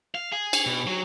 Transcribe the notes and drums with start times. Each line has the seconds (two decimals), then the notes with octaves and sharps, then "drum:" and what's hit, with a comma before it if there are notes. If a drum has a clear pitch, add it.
0.15 F5
0.32 G#4
0.53 drum: cymbal
0.66 B2
0.87 F#3